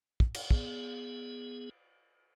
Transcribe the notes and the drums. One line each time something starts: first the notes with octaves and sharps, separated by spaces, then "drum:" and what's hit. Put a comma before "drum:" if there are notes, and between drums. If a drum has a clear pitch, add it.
drum: kick
drum: cymbal
B3 G#4, drum: kick